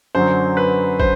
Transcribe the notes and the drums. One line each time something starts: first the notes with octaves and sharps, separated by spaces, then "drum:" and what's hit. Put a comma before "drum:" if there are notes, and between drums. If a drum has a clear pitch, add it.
F#2 D3 F#3 C5
B4
C5, drum: kick